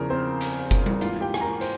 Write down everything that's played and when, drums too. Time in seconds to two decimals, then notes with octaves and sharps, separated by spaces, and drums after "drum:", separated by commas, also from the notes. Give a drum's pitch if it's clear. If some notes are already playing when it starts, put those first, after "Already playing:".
Already playing: E2 C#3 F3 A#4
0.10 C4 C5
0.41 drum: hi-hat
0.71 drum: kick F#1, hi-hat
0.86 drum: tom G3
1.01 G#2 E3 A#3 F4 F5, drum: hi-hat
1.21 G4 G5
1.34 G#5, drum: rim click
1.41 A#4 A#5
1.61 C5, drum: hi-hat